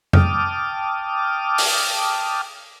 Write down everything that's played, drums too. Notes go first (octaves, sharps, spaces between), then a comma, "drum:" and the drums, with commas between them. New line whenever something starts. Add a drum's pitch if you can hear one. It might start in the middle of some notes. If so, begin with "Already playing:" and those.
G5 A5 D6 D#6 F6, drum: tom F2
drum: open hi-hat